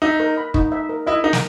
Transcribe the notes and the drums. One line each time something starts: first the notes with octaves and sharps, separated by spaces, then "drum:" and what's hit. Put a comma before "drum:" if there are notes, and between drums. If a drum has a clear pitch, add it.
D#4 E5
A#4
B5
D#4, drum: kick
E5
A#4
E4 D#5
D#4 A#4
drum: snare